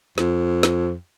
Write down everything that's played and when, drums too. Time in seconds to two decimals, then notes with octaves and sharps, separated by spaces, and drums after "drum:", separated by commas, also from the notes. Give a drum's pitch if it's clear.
0.18 F2, drum: snare
0.63 drum: snare